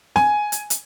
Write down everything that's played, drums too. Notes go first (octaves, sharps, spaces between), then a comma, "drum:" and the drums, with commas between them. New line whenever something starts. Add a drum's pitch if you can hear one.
G#5, drum: snare C4
drum: hi-hat
drum: hi-hat